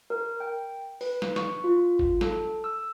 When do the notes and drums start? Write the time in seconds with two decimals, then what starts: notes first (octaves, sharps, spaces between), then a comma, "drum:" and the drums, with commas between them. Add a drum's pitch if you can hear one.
0.10 A#4
0.40 G5
1.01 B4, drum: open hi-hat
1.22 drum: snare
1.36 C#6, drum: snare
1.64 F4
1.99 drum: kick
2.21 A4, drum: snare
2.64 E6